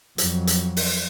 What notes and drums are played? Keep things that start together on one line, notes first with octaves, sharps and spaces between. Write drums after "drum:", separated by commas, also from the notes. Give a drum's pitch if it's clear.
F2 F#3, drum: hi-hat
drum: hi-hat
drum: open hi-hat